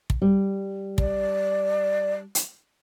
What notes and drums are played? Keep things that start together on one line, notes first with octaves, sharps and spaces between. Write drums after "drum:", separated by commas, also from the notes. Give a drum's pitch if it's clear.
drum: kick
G3
D5, drum: kick
drum: hi-hat